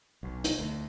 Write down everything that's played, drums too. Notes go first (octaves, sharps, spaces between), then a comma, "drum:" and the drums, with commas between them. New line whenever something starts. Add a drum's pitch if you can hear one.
B1
drum: hi-hat
D2